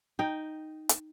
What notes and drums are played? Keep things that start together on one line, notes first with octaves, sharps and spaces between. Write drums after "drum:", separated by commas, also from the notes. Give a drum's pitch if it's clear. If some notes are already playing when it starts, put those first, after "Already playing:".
D#4 G5
drum: hi-hat